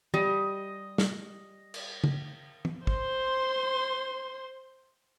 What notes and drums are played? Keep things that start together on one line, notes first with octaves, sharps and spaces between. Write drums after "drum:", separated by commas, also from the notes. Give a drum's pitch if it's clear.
G3 D#5, drum: tom
drum: snare
drum: cymbal
drum: tom
drum: tom
C5 C6, drum: kick